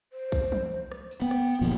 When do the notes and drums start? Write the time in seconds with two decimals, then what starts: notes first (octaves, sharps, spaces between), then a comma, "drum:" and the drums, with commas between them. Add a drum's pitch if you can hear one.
0.12 C5
0.32 drum: kick A#1, tambourine
0.52 drum: tom
0.92 drum: rim click
1.11 drum: tambourine
1.22 B3 G5
1.31 drum: rim click
1.51 drum: tambourine
1.61 G1 A#2 F3